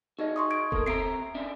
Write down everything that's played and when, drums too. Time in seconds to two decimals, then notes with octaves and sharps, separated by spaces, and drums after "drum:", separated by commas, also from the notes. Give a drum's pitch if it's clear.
0.19 D#4 F#4 G#4 D#5
0.36 C6 C#6 D#6
0.51 G#6 D7
0.72 A#3 A4 A#4, drum: kick E1
0.87 C4 E5 A#5 C7 D7
1.35 C#4 D4 E5